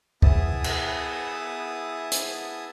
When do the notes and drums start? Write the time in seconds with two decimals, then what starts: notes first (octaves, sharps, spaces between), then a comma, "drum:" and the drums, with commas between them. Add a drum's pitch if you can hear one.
0.22 B3 E4 G#4 E5 A5 D#6, drum: kick
0.64 drum: cymbal
2.12 drum: hi-hat